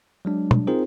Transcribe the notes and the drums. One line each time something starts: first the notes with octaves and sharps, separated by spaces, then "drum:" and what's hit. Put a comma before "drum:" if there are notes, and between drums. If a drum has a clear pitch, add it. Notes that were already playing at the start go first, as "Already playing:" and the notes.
F#3 G#3 D4
drum: tom
C4 D#4 F4 G#4 A#4 C5